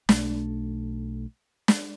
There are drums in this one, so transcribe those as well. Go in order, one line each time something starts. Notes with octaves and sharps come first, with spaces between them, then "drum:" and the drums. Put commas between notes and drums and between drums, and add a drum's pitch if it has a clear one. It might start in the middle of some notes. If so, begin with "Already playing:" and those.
B1 A3 D4, drum: snare
drum: snare